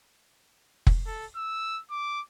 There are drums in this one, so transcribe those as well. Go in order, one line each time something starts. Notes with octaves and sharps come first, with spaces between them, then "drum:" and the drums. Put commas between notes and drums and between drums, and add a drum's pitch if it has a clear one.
drum: kick F1
A4
E6
D6